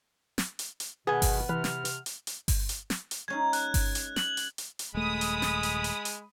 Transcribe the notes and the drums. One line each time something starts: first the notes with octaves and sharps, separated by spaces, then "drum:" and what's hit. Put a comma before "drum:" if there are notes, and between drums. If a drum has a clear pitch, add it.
drum: snare
drum: hi-hat
drum: hi-hat
B2 D#3 B3 G#4 G#5
drum: kick G1, open hi-hat
C3 E3 B4 F6
drum: snare
drum: hi-hat
drum: hi-hat
drum: hi-hat
drum: kick G1, open hi-hat
drum: hi-hat
drum: snare
drum: hi-hat
G#3 C#4 D#4 G#6
F#6, drum: hi-hat
drum: kick G1, open hi-hat
drum: hi-hat
F#7, drum: snare
drum: hi-hat
drum: hi-hat
drum: hi-hat
D#1 G#3 A3 B5 D#6
drum: hi-hat
drum: snare
drum: hi-hat
drum: hi-hat
drum: hi-hat